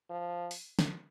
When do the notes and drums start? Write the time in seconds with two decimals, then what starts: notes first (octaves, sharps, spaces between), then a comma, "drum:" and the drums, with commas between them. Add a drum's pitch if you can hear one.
0.10 F3
0.51 drum: open hi-hat
0.79 drum: snare